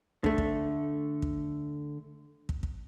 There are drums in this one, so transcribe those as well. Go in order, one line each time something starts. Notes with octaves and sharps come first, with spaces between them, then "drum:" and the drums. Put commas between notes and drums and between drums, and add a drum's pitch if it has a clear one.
D3 A3, drum: kick
drum: kick
drum: kick
drum: kick
drum: kick